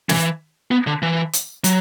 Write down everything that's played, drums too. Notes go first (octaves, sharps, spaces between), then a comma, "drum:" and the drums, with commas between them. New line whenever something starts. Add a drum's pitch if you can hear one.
E3, drum: snare
B3
D3
E3
drum: hi-hat
F#3, drum: hi-hat